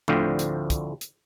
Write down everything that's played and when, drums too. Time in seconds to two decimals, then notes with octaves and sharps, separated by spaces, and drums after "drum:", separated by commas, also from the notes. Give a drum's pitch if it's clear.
0.08 D2 A2 D3 F3 C4, drum: tom
0.39 drum: hi-hat
0.70 drum: kick, hi-hat
1.01 drum: hi-hat